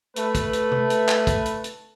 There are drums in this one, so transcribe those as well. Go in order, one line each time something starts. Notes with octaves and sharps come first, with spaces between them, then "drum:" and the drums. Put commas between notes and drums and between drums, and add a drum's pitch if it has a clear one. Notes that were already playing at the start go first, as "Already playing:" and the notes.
A3 B4, drum: hi-hat
drum: kick, hi-hat
drum: hi-hat
drum: tom C3
drum: hi-hat
drum: clap
drum: kick, hi-hat
drum: hi-hat
drum: hi-hat